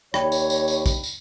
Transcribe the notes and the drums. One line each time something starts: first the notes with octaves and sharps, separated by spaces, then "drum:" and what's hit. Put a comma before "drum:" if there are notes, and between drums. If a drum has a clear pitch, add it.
D#2 C#5 D5 G5 B5, drum: rim click
drum: tambourine
drum: tambourine
drum: tambourine
drum: kick, tambourine
drum: tambourine